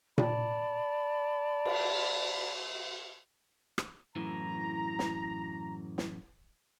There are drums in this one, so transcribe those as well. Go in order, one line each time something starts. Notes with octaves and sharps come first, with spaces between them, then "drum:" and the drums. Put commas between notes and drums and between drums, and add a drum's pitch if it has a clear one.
D5 A5 B5, drum: tom A#2
drum: cymbal
drum: rim click
F#2 A2 E3 A#5
drum: snare
drum: snare